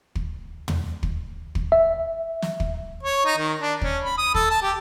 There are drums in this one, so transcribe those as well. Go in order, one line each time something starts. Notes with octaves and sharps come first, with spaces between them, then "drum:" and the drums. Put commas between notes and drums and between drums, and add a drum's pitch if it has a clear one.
drum: kick
drum: tom
drum: kick
drum: kick
E5
drum: snare
drum: kick
C#5
D#4
D#3
D4
C#4, drum: kick
B5
D#6
A4, drum: kick
A5
G4